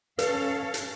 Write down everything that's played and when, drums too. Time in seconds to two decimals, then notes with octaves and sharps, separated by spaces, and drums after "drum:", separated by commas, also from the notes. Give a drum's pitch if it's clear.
0.19 C#4 A4 B4 F5, drum: hi-hat
0.74 drum: hi-hat